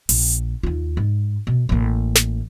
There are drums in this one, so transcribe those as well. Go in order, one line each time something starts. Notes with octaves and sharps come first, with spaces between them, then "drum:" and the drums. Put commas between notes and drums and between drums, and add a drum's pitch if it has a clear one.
A#1, drum: open hi-hat
D#2 F4
G#2
B2
A1 A#3
drum: snare